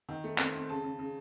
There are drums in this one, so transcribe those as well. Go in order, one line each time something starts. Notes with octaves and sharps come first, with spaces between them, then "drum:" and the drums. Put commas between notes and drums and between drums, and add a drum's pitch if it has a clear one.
D#3
A3
C4, drum: clap
C4
C#3 A5
C#3
C#3